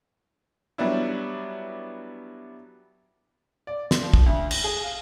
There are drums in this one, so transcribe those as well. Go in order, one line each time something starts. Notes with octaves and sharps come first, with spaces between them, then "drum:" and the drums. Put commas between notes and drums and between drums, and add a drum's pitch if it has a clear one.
F#3 G3 B3 D4 E4
D5
C6, drum: snare
F3
drum: kick
D2
A#6, drum: cymbal
G#4
F5